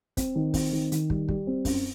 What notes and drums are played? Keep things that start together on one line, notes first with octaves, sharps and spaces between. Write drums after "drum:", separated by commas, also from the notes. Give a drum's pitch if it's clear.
C4, drum: kick, hi-hat
D#3
C4, drum: kick, open hi-hat
D#3
D#3, drum: hi-hat
G3, drum: kick
G3, drum: kick
C4
F#2, drum: kick, open hi-hat